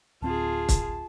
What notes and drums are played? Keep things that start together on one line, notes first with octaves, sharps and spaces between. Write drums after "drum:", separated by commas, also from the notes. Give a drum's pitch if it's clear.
D1 C4 F4 G#4 A5
drum: kick, hi-hat